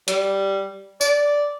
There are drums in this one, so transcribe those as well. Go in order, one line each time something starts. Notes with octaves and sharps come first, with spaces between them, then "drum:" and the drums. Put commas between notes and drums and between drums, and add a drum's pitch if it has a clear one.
G3, drum: hi-hat
D5, drum: tambourine